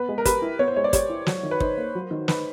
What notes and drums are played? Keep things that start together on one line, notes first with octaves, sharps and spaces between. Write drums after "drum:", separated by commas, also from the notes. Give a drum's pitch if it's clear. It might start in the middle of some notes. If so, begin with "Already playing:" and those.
Already playing: B3 B4
G#3
A#4
G4 B4, drum: kick, hi-hat
E4
B3 C#5
C5
G#3 C#5
D5
G4 C#5, drum: kick, hi-hat
E4
F#3, drum: snare
D#3
B4
D#4 C5, drum: kick
A#3
F#3
D#3
D#4 B4, drum: snare